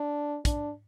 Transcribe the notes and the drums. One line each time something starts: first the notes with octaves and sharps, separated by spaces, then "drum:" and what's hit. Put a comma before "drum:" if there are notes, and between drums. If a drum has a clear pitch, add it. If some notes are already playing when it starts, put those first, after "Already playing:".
Already playing: D4
D4, drum: kick, hi-hat